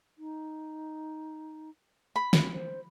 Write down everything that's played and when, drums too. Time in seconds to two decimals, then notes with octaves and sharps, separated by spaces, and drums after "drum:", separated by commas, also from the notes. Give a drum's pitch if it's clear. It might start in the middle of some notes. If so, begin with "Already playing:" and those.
0.18 D#4
2.16 B5
2.33 drum: snare
2.53 C5